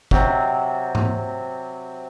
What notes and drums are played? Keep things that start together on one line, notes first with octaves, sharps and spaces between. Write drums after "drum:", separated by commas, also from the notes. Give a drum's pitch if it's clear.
C3 F#3, drum: kick
drum: tom G#2